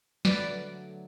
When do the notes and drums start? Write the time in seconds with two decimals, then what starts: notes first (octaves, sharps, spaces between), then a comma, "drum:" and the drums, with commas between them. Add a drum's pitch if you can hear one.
0.25 D3 F#3 A3 B4 D5, drum: snare